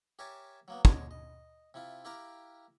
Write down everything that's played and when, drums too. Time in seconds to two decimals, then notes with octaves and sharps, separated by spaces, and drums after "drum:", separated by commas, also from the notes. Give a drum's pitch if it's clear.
0.19 G4 A#4 C#5 E5 G#5 A5
0.68 F#3 A#3 B3
0.85 D3 C#5 D#5, drum: kick
1.11 D#5
1.74 C3 E4 F4
2.05 E4 G4 A#4 F5 G5 A#5